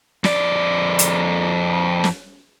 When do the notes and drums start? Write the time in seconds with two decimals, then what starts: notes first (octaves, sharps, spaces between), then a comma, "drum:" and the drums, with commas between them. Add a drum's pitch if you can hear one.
0.24 F2 D5, drum: snare
0.99 drum: hi-hat
2.04 drum: snare